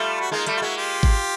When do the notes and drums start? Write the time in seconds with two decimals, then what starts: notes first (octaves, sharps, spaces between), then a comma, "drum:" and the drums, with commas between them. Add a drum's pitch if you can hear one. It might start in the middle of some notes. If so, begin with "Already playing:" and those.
Already playing: G3 A3 F4
0.21 F#4
0.31 G#3 A#3 D#4 F4
0.46 G3 A3, drum: hi-hat
0.57 F4
0.61 G#3 A#3 E4 F#4
0.77 F4 G4
1.03 drum: kick G#1